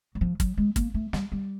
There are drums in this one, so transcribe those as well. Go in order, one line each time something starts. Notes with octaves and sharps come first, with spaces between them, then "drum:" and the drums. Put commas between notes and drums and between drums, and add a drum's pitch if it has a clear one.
F#3
F3
F#3, drum: kick, hi-hat
G#3
A#3, drum: kick, hi-hat
A3
G3, drum: snare
G3